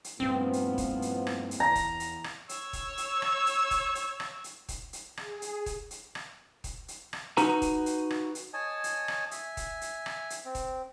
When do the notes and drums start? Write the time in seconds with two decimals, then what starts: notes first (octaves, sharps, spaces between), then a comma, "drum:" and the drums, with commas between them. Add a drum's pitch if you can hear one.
0.04 drum: hi-hat
0.20 G2 A#2 F3 B3 C4
0.53 drum: hi-hat
0.78 drum: kick D#1, hi-hat
1.02 drum: hi-hat
1.27 drum: rim click
1.51 drum: hi-hat
1.60 E2 A#5
1.75 drum: kick D#1, hi-hat
2.00 drum: hi-hat
2.24 drum: rim click
2.49 C#5 E6, drum: hi-hat
2.73 drum: kick D#1, hi-hat
2.98 drum: hi-hat
3.22 drum: rim click
3.46 drum: hi-hat
3.71 drum: kick D#1, hi-hat
3.95 drum: hi-hat
4.20 drum: rim click
4.44 drum: hi-hat
4.69 drum: kick D#1, hi-hat
4.93 drum: hi-hat
5.17 G#4, drum: rim click
5.42 drum: hi-hat
5.66 drum: kick D#1, hi-hat
5.91 drum: hi-hat
6.15 drum: rim click
6.64 drum: kick D#1, hi-hat
6.88 drum: hi-hat
7.13 drum: rim click
7.37 D#4 F#4 B4 A#5, drum: hi-hat
7.62 drum: kick D#1, hi-hat
7.86 drum: hi-hat
8.10 drum: rim click
8.35 drum: hi-hat
8.53 C#5 D#5 G#5 A5
8.84 drum: hi-hat
9.08 drum: rim click
9.31 E5 G#5, drum: hi-hat
9.57 drum: kick D#1, hi-hat
9.81 drum: hi-hat
10.06 drum: rim click
10.30 drum: hi-hat
10.45 C4
10.55 drum: kick D#1, hi-hat